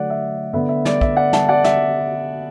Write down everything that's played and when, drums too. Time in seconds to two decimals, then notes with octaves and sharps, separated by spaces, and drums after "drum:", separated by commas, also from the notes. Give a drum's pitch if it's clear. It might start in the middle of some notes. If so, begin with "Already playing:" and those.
Already playing: D3 F#3 A3 D5 F#5
0.10 E5
0.53 D3 B3 E5
0.69 E5
0.85 D5, drum: snare
1.01 E5, drum: kick
1.17 D5 F#5
1.33 E5 A5, drum: snare
1.49 D5 F#5
1.64 E5, drum: snare